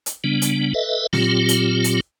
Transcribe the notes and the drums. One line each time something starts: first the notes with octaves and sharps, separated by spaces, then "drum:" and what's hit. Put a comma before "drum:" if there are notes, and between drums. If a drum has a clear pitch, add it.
drum: hi-hat
C#3 G3 B3 D4
drum: hi-hat
A4 B4 D#5 E5
A#2 F#3 C4 F4 G4, drum: snare
drum: hi-hat
drum: hi-hat